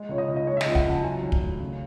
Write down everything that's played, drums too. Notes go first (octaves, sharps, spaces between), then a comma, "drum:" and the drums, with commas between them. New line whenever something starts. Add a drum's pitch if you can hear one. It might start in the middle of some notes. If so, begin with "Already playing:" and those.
Already playing: G#3
C#2 C#5
D#5
C#2
D#5
G#3 C#5
E5
D#5, drum: snare
C#2
F#5, drum: kick
C#2 A5
F#3 G#5
G#1
drum: kick
A3
C#3